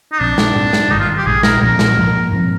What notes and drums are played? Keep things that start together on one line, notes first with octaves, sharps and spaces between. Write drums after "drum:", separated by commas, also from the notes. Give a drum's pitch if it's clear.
D#4
A#1 A#2 F3 C4 D4
drum: snare
G#2 G3 C4
drum: snare
G#1 G2 D#3 D#4
F4
G4
A#1 A#2 G#3 G#4
A#4, drum: snare
C2 A#2 F3 C4 A#4
drum: snare
G#2 F3 A#3
G#2 F3 C4